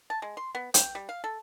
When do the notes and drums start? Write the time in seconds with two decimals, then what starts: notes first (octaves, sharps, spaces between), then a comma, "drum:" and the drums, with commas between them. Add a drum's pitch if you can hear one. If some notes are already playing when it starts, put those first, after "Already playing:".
0.10 A5
0.22 G#3
0.37 C6
0.55 B3
0.74 G5, drum: hi-hat
0.95 G3
1.09 F5
1.24 A4